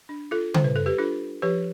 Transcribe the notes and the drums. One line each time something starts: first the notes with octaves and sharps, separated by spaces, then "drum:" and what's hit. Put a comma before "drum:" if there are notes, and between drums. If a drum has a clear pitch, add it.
D4
F4 A4
G3 C5, drum: tom C#3
B4
A4
G4 B4
D4 F4 A4
F3 G4 B4